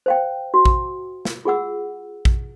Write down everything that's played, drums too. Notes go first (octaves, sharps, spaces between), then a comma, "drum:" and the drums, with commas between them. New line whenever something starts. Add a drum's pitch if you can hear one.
C5 F5 G5
F#4
drum: kick A#1
drum: snare
F4 G#4 F#5 E6
drum: kick A#1